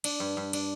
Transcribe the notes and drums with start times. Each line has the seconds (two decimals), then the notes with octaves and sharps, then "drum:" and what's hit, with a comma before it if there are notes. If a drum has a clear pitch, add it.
0.04 D4, drum: cymbal
0.20 G2
0.37 G2
0.53 D4, drum: cymbal